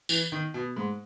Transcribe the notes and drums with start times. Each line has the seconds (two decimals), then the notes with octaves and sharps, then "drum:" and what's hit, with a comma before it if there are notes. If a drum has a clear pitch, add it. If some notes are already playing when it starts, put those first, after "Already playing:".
0.09 E3, drum: tambourine
0.32 D#3
0.54 B2
0.76 G#2